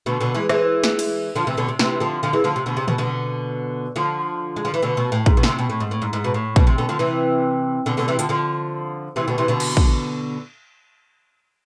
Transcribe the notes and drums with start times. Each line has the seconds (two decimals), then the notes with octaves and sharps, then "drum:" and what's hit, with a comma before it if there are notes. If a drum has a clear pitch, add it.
0.06 B2 D3
0.21 B2 D3
0.35 E3 G#3
0.49 E3 G#3, drum: rim click
0.84 drum: snare
0.99 drum: cymbal
1.36 D3 F3
1.47 C3 E3
1.57 B2 D3
1.68 C3
1.79 C3 E3, drum: snare
2.00 D3 F3
2.23 D3 F3
2.33 E3 G#3
2.44 D3 F3
2.56 C3
2.66 B2 D3
2.77 C3
2.88 B2, drum: tom
2.98 B2 D3
3.96 D3 F3
4.56 G#3
4.65 F3
4.74 E3
4.82 B2 D3
4.97 B2
5.12 A2
5.26 G#2, drum: kick
5.37 B2
5.43 D3, drum: snare
5.48 C3
5.59 B2
5.70 A2
5.80 G#2
5.91 A2
6.02 G#2
6.13 G#2
6.24 B2
6.34 A2
6.56 B2, drum: kick
6.67 C3
6.78 B2 D3
6.89 D3 F3
6.99 C3 E3
7.86 B2 D3
7.97 B2 D3
8.08 C3 E3
8.19 D3 F3, drum: hi-hat
8.29 D3 F3
9.16 C3 E3
9.28 B2 D3
9.38 C3 E3
9.48 B2 D3
9.60 drum: cymbal
9.77 drum: kick